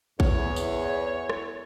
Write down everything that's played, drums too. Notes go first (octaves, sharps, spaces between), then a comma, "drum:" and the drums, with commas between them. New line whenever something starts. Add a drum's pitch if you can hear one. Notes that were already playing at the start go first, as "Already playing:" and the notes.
E2 C#5, drum: kick
drum: tambourine
drum: rim click